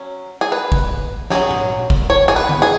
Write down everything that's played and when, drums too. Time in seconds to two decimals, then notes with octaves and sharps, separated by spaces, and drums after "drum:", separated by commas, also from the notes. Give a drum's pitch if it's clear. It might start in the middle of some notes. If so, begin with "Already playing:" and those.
Already playing: F#3 C#4
0.41 G#4
0.52 B4
0.72 drum: kick
1.30 F#3 C#4 G#4, drum: snare
1.51 drum: tom A#2
1.90 drum: kick
2.10 C#5
2.28 G#4
2.36 B4
2.49 drum: tom D3
2.62 G#4